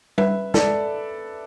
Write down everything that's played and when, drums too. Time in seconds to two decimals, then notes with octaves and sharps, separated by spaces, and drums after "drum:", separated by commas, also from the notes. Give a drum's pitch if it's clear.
0.18 B4 E5, drum: tom G3
0.54 A4 D5, drum: snare